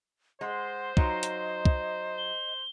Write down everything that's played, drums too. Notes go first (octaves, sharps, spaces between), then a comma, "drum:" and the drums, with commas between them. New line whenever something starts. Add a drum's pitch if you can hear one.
G#3 C5 F#5 C6
F#3 D#4 F4 D#5, drum: kick
drum: hi-hat
drum: kick
G7